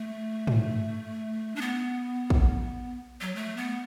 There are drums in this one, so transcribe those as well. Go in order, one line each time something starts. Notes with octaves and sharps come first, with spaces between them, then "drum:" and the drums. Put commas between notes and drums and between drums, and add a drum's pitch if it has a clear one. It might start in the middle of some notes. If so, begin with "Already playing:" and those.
Already playing: A3
drum: tom
D4
B3
drum: kick
F#3
A3
B3